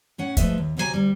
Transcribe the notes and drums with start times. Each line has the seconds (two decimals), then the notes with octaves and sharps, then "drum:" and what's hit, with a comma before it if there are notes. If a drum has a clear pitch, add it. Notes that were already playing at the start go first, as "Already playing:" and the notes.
0.18 A2 C#4 F#5
0.37 F3 G#3 A3 B4 D#5 E5, drum: kick, hi-hat
0.58 D#2
0.77 D2 C3 F#3 G#4 G#5 A#5
0.93 D2 G3